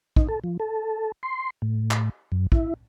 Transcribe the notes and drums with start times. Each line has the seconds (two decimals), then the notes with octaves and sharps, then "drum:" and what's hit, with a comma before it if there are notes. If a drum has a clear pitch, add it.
0.16 D#4, drum: kick
0.29 A4
0.44 F3
0.60 A4
1.23 C6
1.62 A2
1.91 drum: clap
2.32 F#2
2.52 E4, drum: kick